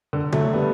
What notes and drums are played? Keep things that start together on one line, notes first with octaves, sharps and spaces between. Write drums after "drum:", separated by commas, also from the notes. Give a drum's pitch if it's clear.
D3
F#3 A3, drum: tom C#3
G3 B3